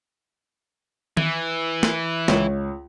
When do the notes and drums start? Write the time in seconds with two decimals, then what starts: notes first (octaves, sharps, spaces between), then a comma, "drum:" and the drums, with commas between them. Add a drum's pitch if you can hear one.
1.17 E3, drum: tom D#3
1.83 drum: snare
2.28 C#2 C#5, drum: snare